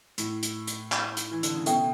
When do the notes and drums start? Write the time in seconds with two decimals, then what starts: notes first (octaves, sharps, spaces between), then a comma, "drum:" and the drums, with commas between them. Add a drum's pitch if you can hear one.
0.18 A2, drum: hi-hat
0.43 drum: hi-hat
0.67 drum: hi-hat
0.92 drum: clap
1.17 drum: hi-hat
1.31 E3
1.43 D3, drum: hi-hat
1.55 C#3
1.66 B2 A4 E5 G5, drum: hi-hat